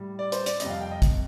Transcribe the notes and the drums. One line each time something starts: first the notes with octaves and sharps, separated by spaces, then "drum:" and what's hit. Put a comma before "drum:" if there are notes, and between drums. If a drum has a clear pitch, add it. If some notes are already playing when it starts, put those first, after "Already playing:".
Already playing: A2 G3
D5
C5, drum: hi-hat
D5, drum: hi-hat
F2 C3 G3 D#5, drum: hi-hat
F5
G5
D#5
drum: kick, hi-hat